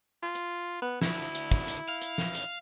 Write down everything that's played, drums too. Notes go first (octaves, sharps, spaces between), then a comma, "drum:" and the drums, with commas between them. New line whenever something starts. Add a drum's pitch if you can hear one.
F4
drum: hi-hat
B3
D2 E4, drum: snare
drum: hi-hat
drum: kick
drum: hi-hat
F5
drum: hi-hat
drum: snare
drum: hi-hat